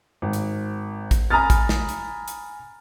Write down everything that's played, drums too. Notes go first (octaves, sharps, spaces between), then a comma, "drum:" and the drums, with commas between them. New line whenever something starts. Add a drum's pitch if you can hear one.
G#1
drum: hi-hat
drum: kick, hi-hat
G#5 A#5 B5 D#6 F6 A6
drum: kick, hi-hat
drum: snare
drum: hi-hat
drum: hi-hat